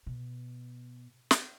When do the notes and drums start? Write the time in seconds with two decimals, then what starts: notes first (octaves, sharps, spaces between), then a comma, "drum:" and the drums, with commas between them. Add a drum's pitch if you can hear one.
0.06 B2
1.31 drum: snare